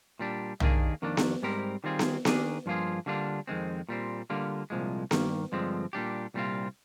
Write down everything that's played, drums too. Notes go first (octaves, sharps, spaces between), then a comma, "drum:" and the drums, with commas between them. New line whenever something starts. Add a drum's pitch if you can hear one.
A#2 G3 D4
D#2 D#3 A#3 D4 G#4, drum: tom
F2 D#3 A#3 D4
drum: snare B3
G#2 G3 C4 G4 A#4
D#3 G3 C4 F4 G#4
drum: snare B3
D#3 A#3 D4 G#4, drum: snare B3
G2 F3 A#3 F4 G#4
D3 G3 A#3 D4 F4
F2 D#3 G#3 C4
A#2 G3 C4
D3 G3 A#3 F4
C2 A#2 F3 G#3
G2 D#3 A#3, drum: snare B3
G2 D3 F3 G#3 C4
A#2 G3 D4 G4
C2 A#2 G3 C4 F4